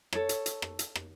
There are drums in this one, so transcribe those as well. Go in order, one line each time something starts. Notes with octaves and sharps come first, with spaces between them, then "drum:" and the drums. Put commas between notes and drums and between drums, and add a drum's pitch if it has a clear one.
A4 C#5, drum: rim click
drum: hi-hat
drum: hi-hat
drum: rim click
drum: hi-hat
drum: rim click